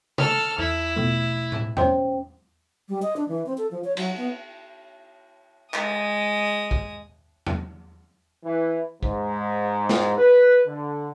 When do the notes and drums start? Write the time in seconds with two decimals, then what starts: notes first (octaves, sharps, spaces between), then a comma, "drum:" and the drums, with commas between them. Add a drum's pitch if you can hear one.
0.18 A4 F6, drum: tom
0.59 E2 E4
0.96 B2 F3 A3
1.52 drum: tom A2
1.77 C#4 C5 G5, drum: tom E2
2.89 G3
3.02 D#5
3.17 D4
3.28 E3
3.46 C4
3.58 A4
3.71 F3
3.84 C#5
3.97 F#3, drum: cymbal
4.17 B3
5.74 G#3 D#6, drum: clap
6.71 drum: kick
7.47 drum: tom E2
8.45 E3
9.03 G#2, drum: kick
9.89 drum: snare
10.18 B4
10.68 D3